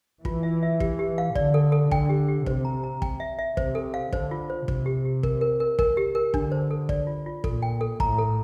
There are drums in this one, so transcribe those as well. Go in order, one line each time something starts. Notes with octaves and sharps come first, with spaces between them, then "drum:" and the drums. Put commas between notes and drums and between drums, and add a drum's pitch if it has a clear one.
E3 F4, drum: kick
E5
E5
G4, drum: kick
G4
F5
D3 D5, drum: kick
A4
A4
D3 G5, drum: kick
G4
G4
C3 C5, drum: kick
A#5
A#5
G5, drum: kick
E5
E5
C3 C5, drum: kick
A4
F5
D3 C5, drum: kick
F4
C5
C3 C5, drum: kick
G4
G4
A#4, drum: kick
A#4
A#4
A#4, drum: kick
G4
A#4
D3 D4, drum: kick
C5
A4
D5, drum: kick
F4
F4
A#2 A4, drum: kick
G5
A4
A2 A#5, drum: kick
A4